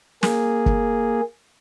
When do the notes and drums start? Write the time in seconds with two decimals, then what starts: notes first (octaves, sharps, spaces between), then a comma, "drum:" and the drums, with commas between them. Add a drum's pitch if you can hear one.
0.23 A#3 G#4, drum: snare
0.66 drum: kick